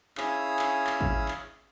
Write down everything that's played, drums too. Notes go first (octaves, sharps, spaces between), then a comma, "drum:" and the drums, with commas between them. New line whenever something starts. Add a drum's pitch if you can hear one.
C#4 E4 G#4 F5 D#6 E6, drum: clap
drum: clap
drum: clap
drum: kick A1
drum: clap